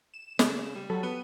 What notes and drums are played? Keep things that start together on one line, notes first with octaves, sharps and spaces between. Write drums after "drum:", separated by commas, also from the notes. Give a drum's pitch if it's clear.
E7
C#3, drum: snare
G3
F#3 A4 B5
B3 D#7